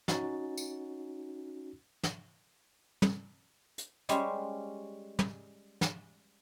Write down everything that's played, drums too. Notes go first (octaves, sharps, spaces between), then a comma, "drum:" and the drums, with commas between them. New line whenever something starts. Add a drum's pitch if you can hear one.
C#4 D#4 F#4 A6, drum: snare
drum: tambourine
drum: snare
drum: tom
drum: hi-hat
G3 G#3 C#4 G4 C5, drum: hi-hat
drum: tom
drum: snare